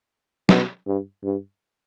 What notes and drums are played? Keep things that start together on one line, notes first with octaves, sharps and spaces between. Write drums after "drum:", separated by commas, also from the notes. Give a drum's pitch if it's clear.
B2, drum: snare
G2
G2